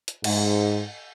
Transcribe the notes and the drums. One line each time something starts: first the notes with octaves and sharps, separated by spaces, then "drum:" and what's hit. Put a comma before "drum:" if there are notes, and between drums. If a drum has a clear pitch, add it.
drum: hi-hat
G#2, drum: cymbal